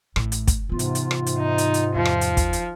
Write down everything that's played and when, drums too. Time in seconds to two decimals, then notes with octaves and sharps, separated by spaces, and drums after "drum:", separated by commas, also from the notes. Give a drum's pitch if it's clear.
0.16 A1 A2, drum: rim click
0.32 drum: hi-hat
0.48 drum: kick, hi-hat
0.69 G#2 C3 E3 B3 F4
0.79 drum: hi-hat
0.95 drum: hi-hat
1.11 drum: rim click
1.26 drum: hi-hat
1.39 D#4
1.58 drum: hi-hat
1.74 drum: hi-hat
1.95 E2 F3
2.05 drum: rim click
2.21 drum: hi-hat
2.37 drum: kick, hi-hat
2.53 drum: hi-hat